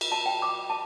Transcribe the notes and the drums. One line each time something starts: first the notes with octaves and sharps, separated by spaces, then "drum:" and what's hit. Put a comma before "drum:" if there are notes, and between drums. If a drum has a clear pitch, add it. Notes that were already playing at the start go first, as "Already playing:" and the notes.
drum: cymbal
A5
G5
D6
A5